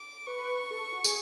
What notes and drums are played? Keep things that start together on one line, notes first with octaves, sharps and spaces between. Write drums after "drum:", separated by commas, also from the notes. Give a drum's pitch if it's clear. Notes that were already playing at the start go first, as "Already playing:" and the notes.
Already playing: D6
B4 C#6
A4
F#4
G#4, drum: tambourine